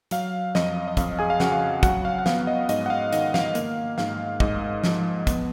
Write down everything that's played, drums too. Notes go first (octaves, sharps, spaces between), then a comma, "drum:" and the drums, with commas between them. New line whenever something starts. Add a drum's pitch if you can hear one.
F#3 F5, drum: hi-hat
F2 D#5, drum: snare
D#5
F2 F5, drum: kick, hi-hat
G#4 G#5
F5
C#3 F#4 F#5, drum: snare
F#3 F#4 F#5, drum: kick, hi-hat
F5
F#5
B3 F5, drum: snare
D#5
G#2 D#5, drum: hi-hat
F#5
F5
D#3 D#5, drum: hi-hat
F5, drum: snare
A#3 F5, drum: hi-hat
G#2 F5, drum: snare
G#2 D#5, drum: kick
F3, drum: snare
B3, drum: kick, hi-hat